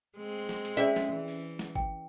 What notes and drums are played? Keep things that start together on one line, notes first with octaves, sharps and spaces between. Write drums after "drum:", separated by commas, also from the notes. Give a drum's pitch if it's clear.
G#3 C4
drum: snare
drum: hi-hat
C#4 G#4 D5 E5
drum: snare
E3
drum: open hi-hat
drum: snare
G5, drum: kick G#1